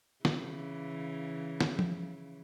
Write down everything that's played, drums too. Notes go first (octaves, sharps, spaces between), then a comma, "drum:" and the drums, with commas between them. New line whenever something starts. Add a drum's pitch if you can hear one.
C#3 E3, drum: snare
drum: snare
drum: tom F3